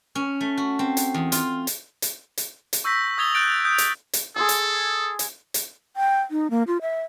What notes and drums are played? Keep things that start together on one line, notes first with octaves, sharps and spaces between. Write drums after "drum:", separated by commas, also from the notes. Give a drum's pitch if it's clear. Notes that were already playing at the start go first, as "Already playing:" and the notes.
C#4
A3
F#4
C4
drum: hi-hat
E2
F4, drum: hi-hat
drum: hi-hat
drum: hi-hat
drum: hi-hat
drum: hi-hat
C#6 E6 G6 A#6 B6
D#6 E6 G#6 A6 F7 G7
F#6 G6 A6 D7
D#6 G6
drum: hi-hat
drum: hi-hat
G#4 A4 C6 E6
drum: hi-hat
drum: hi-hat
drum: hi-hat
G5
D#4
A#3
F4
E5